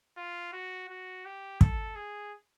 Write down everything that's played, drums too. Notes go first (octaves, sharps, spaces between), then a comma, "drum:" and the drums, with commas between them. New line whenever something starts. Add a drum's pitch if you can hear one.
F4
F#4
F#4
G4
A4, drum: kick
G#4